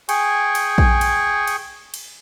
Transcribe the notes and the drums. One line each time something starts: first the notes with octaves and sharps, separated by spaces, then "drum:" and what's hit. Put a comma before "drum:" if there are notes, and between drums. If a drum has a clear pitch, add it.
G#4 G5 G#5 C#6, drum: cymbal
drum: cymbal
drum: kick A#1
drum: cymbal
drum: cymbal
drum: cymbal